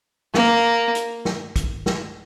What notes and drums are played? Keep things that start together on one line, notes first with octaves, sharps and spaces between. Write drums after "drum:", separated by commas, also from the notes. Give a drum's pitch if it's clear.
A#3, drum: snare
drum: hi-hat
drum: snare
drum: kick, hi-hat
drum: snare